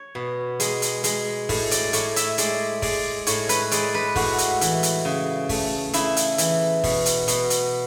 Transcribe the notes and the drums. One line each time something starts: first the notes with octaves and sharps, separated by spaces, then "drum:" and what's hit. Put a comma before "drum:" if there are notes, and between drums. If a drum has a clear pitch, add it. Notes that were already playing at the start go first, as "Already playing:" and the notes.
Already playing: C#5
B2
G#3, drum: hi-hat
drum: hi-hat
G#3, drum: hi-hat
A2, drum: kick G1, open hi-hat
D5, drum: hi-hat
A2 C#5, drum: hi-hat
E5, drum: hi-hat
G#3 D5, drum: hi-hat
G#3 D5, drum: kick G1, open hi-hat
A2 C#5, drum: hi-hat
B4, drum: hi-hat
G#3 D5, drum: hi-hat
B4
A2 F#4, drum: kick G1, open hi-hat
drum: hi-hat
E3, drum: hi-hat
drum: hi-hat
C#3
A3, drum: kick G1, open hi-hat
C#3 E4, drum: hi-hat
drum: hi-hat
E3, drum: hi-hat
B2, drum: kick G1, open hi-hat
drum: hi-hat
B2, drum: hi-hat
drum: hi-hat